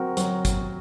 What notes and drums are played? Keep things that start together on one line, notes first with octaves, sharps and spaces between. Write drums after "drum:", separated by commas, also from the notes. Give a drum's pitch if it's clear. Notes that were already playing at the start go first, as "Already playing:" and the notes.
Already playing: F#3 C4 F#4 A#4
F#3, drum: hi-hat
drum: kick, hi-hat